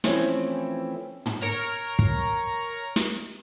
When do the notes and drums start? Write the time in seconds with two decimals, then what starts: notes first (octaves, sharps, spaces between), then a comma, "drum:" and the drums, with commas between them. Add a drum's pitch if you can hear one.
0.04 E3 F3 A3 C4 C#4 E4, drum: snare
1.26 drum: tom
1.41 A#4 C#5 A#5 F6
1.99 drum: kick
2.96 drum: snare